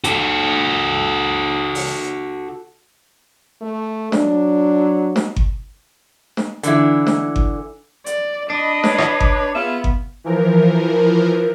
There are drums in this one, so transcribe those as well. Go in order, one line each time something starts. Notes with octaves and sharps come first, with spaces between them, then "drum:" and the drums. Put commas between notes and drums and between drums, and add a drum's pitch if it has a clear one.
F#4 A4, drum: hi-hat
drum: open hi-hat
A3
F#3 D4, drum: snare
drum: snare
drum: kick G1
drum: snare
D3 E3 E4, drum: hi-hat
drum: snare
drum: kick G1
D5, drum: hi-hat
D4 D#5 B5
B4 C#5, drum: snare
drum: rim click
drum: kick G1
B3 F4 G#4 E5
drum: kick G1
E3 F3 A#4